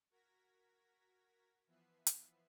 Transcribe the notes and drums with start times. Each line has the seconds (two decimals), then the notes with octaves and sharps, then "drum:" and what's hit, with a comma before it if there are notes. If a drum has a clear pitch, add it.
0.10 F#4 A#4 G#6 A#6 B6
1.67 E3 F3 B3 B4 E5 C7
2.07 drum: hi-hat